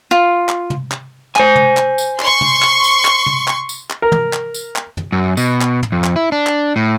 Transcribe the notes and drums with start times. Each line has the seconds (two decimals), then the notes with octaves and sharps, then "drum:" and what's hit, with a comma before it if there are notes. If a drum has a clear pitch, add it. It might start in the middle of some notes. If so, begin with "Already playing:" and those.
0.11 F4
0.49 drum: clap
0.70 drum: tom
0.91 drum: clap
1.36 C5 G#5, drum: clap
1.55 drum: tom
1.77 drum: clap
1.98 drum: tambourine
2.20 C6 C#6, drum: clap
2.41 drum: tom
2.62 drum: clap
2.84 drum: tambourine
3.05 drum: clap
3.26 drum: tom
3.48 drum: clap
3.69 drum: tambourine
3.90 drum: clap
4.02 A#4
4.12 drum: tom
4.33 drum: clap
4.54 drum: tambourine
4.76 drum: clap
4.97 drum: tom
5.12 F#2
5.37 B2, drum: tambourine
5.61 drum: clap
5.83 drum: tom
5.92 F2
6.04 drum: clap
6.16 E4
6.32 D4
6.47 drum: clap
6.76 A2